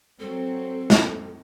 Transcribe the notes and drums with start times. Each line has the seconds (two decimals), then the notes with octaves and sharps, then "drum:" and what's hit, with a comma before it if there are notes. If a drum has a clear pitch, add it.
0.20 F#3 C4 A4
0.90 drum: snare